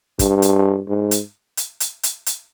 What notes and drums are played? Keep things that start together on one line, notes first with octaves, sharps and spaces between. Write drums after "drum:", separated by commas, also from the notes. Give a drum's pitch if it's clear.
G2, drum: kick, hi-hat
drum: hi-hat
G#2
drum: hi-hat
drum: hi-hat
drum: hi-hat
drum: hi-hat
drum: hi-hat